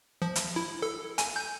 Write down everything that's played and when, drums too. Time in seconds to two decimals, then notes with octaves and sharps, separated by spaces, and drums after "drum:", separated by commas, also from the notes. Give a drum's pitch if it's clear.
0.22 F3
0.36 drum: hi-hat
0.56 E4
0.82 A4
1.18 G#5, drum: hi-hat
1.36 G6